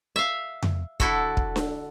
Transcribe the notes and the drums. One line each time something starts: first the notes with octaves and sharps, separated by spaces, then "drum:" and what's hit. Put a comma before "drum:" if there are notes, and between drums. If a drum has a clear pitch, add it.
E5 F5
drum: tom F2
D3 E4 F#4 A4, drum: kick
drum: kick
drum: snare D4